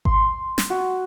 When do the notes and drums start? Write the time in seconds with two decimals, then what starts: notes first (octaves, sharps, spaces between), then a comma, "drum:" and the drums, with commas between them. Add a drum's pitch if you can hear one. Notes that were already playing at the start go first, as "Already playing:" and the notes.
0.05 C6, drum: kick G#1
0.58 drum: snare
0.70 F#4